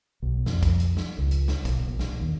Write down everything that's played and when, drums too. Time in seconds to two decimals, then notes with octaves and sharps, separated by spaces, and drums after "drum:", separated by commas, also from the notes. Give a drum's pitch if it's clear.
0.22 B1
0.46 F2, drum: snare
0.63 drum: kick, hi-hat
0.80 drum: hi-hat
0.97 drum: snare
1.18 C#2
1.31 drum: hi-hat
1.48 drum: snare
1.65 B1, drum: kick, hi-hat
1.88 A#1
1.99 drum: snare
2.21 D#2